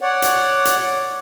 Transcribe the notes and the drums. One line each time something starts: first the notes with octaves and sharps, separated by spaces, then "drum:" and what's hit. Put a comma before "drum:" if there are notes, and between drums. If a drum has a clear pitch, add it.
C#5 D5 F#5
drum: hi-hat
drum: hi-hat